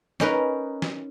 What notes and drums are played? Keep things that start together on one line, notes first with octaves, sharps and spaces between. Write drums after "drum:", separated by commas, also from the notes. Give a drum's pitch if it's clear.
C#4 D#4 A#4 B4, drum: snare
drum: snare